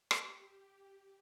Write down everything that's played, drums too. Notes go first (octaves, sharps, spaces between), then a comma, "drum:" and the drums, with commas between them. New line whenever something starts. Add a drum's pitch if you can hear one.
G4, drum: rim click